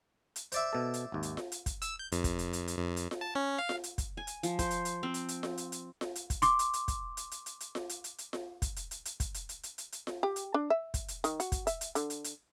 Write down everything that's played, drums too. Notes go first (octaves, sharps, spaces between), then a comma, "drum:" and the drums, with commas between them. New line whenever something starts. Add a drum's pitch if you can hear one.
drum: hi-hat
C5 D5 E5, drum: hi-hat
B2 A4
drum: hi-hat
G#1 D#2
drum: hi-hat
drum: snare F4
drum: hi-hat
drum: kick, hi-hat
E6, drum: hi-hat
G6
F2, drum: hi-hat
drum: kick, hi-hat
drum: hi-hat
drum: hi-hat
drum: hi-hat
F2
drum: hi-hat
drum: snare F4
A5
C#4
F5
drum: snare F4
drum: hi-hat
drum: kick, hi-hat
G#5
drum: hi-hat
F3, drum: hi-hat
C5, drum: kick, hi-hat
drum: hi-hat
drum: hi-hat
C4
drum: hi-hat
drum: hi-hat
drum: snare F4
drum: hi-hat
drum: hi-hat
drum: snare F4
drum: hi-hat
drum: kick, hi-hat
C6 D6, drum: hi-hat
drum: hi-hat
drum: hi-hat
drum: kick, hi-hat
drum: hi-hat
drum: hi-hat
drum: hi-hat
drum: hi-hat
drum: snare F4
drum: hi-hat
drum: hi-hat
drum: hi-hat
drum: snare F4
drum: kick, hi-hat
drum: hi-hat
drum: hi-hat
drum: hi-hat
drum: kick, hi-hat
drum: hi-hat
drum: hi-hat
drum: hi-hat
drum: hi-hat
drum: hi-hat
drum: snare F4
G4
drum: hi-hat
D4
E5
drum: kick, hi-hat
drum: hi-hat
D#3, drum: hi-hat
F#4, drum: hi-hat
drum: kick, hi-hat
E5, drum: hi-hat
drum: hi-hat
D3, drum: hi-hat
drum: hi-hat
drum: hi-hat